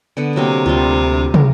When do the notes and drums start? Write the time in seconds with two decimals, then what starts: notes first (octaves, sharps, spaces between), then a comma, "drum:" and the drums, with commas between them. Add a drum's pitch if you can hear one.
0.17 D3 B3 F#5
0.36 C3 F#3 A#3 G4
0.66 D2 G3 F4
1.34 A#4, drum: tom